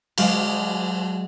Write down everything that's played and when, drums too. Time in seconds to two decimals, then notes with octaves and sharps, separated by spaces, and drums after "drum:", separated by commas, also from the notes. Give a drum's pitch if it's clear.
0.18 F#3 G#3 D5 D#5 F5, drum: cymbal